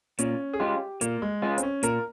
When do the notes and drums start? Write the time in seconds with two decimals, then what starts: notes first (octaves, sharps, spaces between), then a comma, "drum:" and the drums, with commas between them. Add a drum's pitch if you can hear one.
0.19 A#2 C#4, drum: hi-hat
0.53 G#4
0.60 G#3 C#4 F4 G4
1.01 A#2 A#3, drum: hi-hat
1.22 G#3
1.42 G#3 C#4 F4
1.58 C4, drum: hi-hat
1.63 C#4
1.83 A#2 A#4, drum: hi-hat